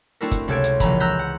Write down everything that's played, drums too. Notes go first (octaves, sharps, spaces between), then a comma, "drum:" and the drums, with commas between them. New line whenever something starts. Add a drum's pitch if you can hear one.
A3 C4 D4 E4 F#4 A#4
drum: kick, hi-hat
C#2 C3 A4 C#5 G#6 D7
drum: hi-hat
A#1 C#3 E3 A#5 B5, drum: kick, hi-hat
A#5 E6 F#6 G6 A#6 B6
F#5